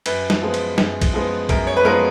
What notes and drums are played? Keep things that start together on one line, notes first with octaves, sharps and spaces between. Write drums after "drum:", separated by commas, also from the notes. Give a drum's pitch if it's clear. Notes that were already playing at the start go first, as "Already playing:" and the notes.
F#2 B4, drum: cymbal
drum: snare
F3 G#3 B3
drum: cymbal
F#2, drum: snare
drum: kick B1, cymbal
F3 G#3 B3
F#2 A#4, drum: kick B1, cymbal
C#5
B4
F3 G#3 B3 A#4